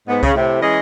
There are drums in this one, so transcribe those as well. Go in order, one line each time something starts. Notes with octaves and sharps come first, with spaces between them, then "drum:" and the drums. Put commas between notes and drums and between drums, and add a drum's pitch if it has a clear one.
G#2 B3
C#3, drum: kick C2
A2 C3
E3 G#3 C#4 G#4 D#5